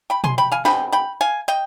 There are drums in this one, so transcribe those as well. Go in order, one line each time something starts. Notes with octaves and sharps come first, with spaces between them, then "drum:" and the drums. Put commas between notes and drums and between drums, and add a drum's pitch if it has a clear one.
G5 B5
G#5 C6, drum: tom B2
G5 B5
F5 G#5
B2 G#3 C4 G5 B5, drum: snare
G5 B5
F5 G#5
D#5 G5